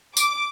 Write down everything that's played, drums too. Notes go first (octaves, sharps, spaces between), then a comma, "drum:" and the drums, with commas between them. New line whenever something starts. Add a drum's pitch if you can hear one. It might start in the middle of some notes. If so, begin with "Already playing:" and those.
D6, drum: tambourine